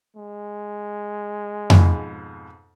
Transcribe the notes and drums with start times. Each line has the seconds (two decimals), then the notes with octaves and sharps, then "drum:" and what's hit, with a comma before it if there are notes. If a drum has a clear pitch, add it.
0.17 G#3
1.70 F2 G#2 B2, drum: tom F2